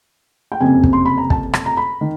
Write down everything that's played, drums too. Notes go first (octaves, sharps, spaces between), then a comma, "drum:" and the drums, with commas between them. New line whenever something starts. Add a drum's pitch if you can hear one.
G5
F#1 F2 C3 G#5
drum: kick
C6
B5
A#5
A5, drum: kick
drum: rim click
A#5
B5
D#3